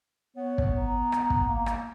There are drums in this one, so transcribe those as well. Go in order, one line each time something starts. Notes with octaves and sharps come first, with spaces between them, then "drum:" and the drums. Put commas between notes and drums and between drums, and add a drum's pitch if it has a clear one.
B3 C#5
drum: kick
A#5
drum: rim click
drum: kick
A#3
drum: rim click